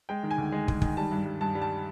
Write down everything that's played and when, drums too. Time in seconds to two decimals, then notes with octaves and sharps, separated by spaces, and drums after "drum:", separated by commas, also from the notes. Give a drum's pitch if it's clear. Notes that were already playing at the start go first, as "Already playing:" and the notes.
0.09 G#3 G5
0.23 D#3
0.31 G#5
0.38 D2
0.52 G#3
0.68 G#3, drum: kick
0.82 D#3, drum: kick
0.97 G3 A5
1.12 G2
1.26 G2
1.41 G2 A5
1.55 G3
1.62 A5